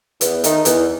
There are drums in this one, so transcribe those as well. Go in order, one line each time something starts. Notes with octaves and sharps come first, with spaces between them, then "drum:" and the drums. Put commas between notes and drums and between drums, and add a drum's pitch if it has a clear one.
E2, drum: hi-hat
D#3 A3 D#4, drum: hi-hat
E2, drum: hi-hat